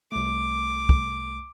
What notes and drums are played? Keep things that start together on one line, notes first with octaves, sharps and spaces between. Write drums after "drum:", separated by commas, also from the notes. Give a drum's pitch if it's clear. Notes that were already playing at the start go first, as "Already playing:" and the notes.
C2 A3 D6
drum: kick